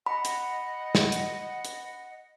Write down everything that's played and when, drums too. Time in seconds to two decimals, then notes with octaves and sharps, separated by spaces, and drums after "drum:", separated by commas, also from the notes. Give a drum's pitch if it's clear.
0.06 D#5 F#5 B5
0.25 drum: hi-hat
0.95 drum: snare
1.12 drum: hi-hat
1.65 drum: hi-hat